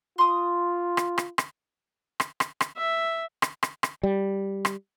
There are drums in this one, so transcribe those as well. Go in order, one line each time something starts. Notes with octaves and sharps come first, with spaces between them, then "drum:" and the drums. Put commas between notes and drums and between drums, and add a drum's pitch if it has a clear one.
F4 C6 D#6
drum: rim click
drum: rim click
drum: rim click
drum: rim click
drum: rim click
drum: rim click
E5
drum: rim click
drum: rim click
drum: rim click
G3
drum: rim click